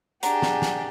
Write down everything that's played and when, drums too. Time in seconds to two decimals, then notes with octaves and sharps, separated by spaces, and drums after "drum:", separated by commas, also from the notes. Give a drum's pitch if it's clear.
0.23 D4 G4 G#4 F#5 A#5, drum: hi-hat
0.42 drum: snare
0.62 drum: snare